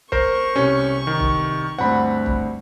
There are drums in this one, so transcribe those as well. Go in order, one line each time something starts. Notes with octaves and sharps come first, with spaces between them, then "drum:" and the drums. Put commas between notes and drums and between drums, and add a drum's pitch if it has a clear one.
A#4 C5 C#6, drum: kick
C2 C3 C#4
D#3
drum: kick
D2 G2 C4 F#5 B5
drum: kick